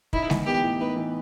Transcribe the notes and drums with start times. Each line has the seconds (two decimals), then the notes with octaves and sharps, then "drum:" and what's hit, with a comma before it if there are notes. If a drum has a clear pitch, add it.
0.13 D#4 E4, drum: kick
0.30 E3, drum: snare G#3
0.46 B3 G4
0.63 A2
0.80 D#4 B4
0.96 E3